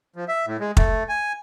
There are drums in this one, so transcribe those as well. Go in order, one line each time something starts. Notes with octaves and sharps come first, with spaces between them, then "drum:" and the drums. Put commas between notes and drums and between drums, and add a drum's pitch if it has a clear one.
F3
E5
A2
G#3
A3, drum: kick
G#5